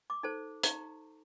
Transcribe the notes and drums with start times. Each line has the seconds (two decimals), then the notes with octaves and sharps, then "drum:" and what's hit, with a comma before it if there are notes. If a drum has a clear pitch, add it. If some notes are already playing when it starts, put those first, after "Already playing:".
0.10 D6
0.23 D#4 A4 C5
0.63 D#4 G4 A#5, drum: hi-hat